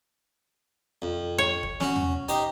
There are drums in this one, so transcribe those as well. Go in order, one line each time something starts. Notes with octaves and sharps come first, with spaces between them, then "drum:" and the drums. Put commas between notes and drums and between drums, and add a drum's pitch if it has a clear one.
F2
C#5
drum: kick
C#4 F#4, drum: snare
drum: tom
D#4 G4 C5, drum: hi-hat